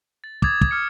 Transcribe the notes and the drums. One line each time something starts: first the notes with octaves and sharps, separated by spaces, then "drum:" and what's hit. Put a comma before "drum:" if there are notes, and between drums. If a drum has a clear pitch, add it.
A6
D6 D#6 G#6 A6, drum: kick
drum: kick
D6 F6 C#7